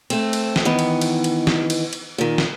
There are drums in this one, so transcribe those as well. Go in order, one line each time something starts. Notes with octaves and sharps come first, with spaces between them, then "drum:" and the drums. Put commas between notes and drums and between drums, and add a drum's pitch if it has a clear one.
A3 C4, drum: cymbal
drum: cymbal
drum: snare
D#3 E3 B3
drum: cymbal
drum: cymbal
drum: cymbal
drum: snare
drum: cymbal
drum: cymbal
A#2 D#3
drum: snare